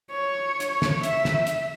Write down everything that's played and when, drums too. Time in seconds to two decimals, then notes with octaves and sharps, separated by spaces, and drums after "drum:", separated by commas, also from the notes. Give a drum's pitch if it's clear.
0.11 C#5
0.60 drum: hi-hat
0.82 drum: snare
1.03 E5, drum: hi-hat
1.25 drum: snare
1.47 drum: hi-hat